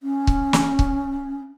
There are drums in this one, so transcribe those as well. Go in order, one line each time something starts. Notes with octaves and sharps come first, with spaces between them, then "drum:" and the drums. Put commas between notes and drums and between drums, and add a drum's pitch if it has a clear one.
C#4
drum: kick C#1
drum: snare
drum: kick C#1